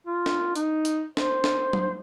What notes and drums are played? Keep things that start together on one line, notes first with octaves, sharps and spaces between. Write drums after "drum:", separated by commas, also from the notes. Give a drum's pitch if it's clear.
F4
drum: snare
D#4, drum: hi-hat
drum: hi-hat
C5, drum: snare
drum: snare
drum: tom F#3